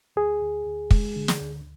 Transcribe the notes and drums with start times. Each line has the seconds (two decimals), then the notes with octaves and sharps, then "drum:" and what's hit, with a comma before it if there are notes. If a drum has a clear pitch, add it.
0.16 D2 G#4
0.42 D2
0.66 D2
0.91 G#3, drum: kick
1.16 D3
1.28 drum: snare
1.41 D2